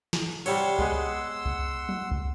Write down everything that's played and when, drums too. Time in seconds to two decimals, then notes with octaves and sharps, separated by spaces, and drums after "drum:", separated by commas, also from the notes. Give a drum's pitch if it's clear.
0.13 drum: snare
0.46 C3 G3 C#5 F#5 C6 E6, drum: cymbal
0.79 G#3 B3 G#4, drum: kick C#2
1.45 drum: kick C#2
1.89 drum: tom
2.11 drum: kick C#2